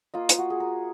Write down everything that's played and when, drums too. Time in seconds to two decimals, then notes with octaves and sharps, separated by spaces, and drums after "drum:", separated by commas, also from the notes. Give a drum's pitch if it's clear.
0.14 A#3 F4 D#5
0.29 drum: hi-hat
0.38 F#4
0.50 G#4
0.60 A#4